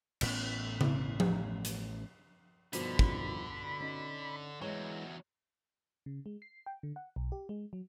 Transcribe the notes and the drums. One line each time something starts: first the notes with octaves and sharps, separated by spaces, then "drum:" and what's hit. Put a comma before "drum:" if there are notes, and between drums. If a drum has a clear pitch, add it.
A1 A2 B3 C#4, drum: cymbal
drum: tom C#3
drum: tom F3
drum: hi-hat
G2 B2 D3 D#3 F3 B5, drum: hi-hat
drum: kick
C#4 D#4
E2 E3 F#3 G#3 C#5
C#3
G#3
C7
G5
D3
F#5
B1
G4
G#3
F#3